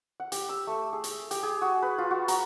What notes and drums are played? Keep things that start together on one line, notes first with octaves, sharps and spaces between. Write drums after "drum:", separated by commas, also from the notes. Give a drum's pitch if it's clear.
F#5
G4, drum: hi-hat
E6
A3
G#4
drum: hi-hat
G4, drum: hi-hat
G#4
F#4
B4
F4
F#4
A#5, drum: hi-hat